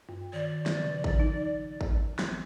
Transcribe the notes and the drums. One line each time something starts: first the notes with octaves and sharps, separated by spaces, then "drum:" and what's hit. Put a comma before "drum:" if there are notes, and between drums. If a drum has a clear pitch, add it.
G2
D#3 D5
drum: snare
C#3 F3
drum: kick G#1
D#4
drum: kick G#1
drum: snare